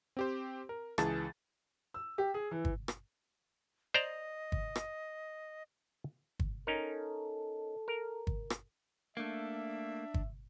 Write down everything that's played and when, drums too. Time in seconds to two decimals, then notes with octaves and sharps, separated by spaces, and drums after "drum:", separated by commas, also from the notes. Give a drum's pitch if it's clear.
0.17 C4 G4 C5
0.69 A#4
0.98 C#2 E3 G#4 A5 A6, drum: rim click
1.94 E6
2.18 G4
2.34 G#4
2.51 E3
2.65 drum: kick G1
2.88 drum: rim click
3.94 C5 D5 D#5 A#5
4.52 drum: kick G1
4.76 drum: rim click
6.40 drum: kick G1
6.67 C#4 D#4 A4 A#4
7.88 A#4
8.27 drum: kick G1
8.50 drum: rim click
9.17 A3 A#3 D4 E5
10.14 drum: kick G1